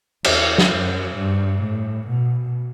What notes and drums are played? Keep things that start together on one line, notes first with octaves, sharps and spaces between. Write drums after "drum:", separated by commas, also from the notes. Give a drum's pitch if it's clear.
E2, drum: cymbal
drum: snare
F#2
G2
A2
B2